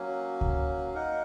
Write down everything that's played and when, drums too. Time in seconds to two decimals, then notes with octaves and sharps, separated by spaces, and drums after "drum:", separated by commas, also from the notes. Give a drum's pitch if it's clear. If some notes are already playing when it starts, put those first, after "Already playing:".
Already playing: F#3 A#3 C#4
0.41 drum: kick C#2
0.94 A#3 D#4 A#4 F#5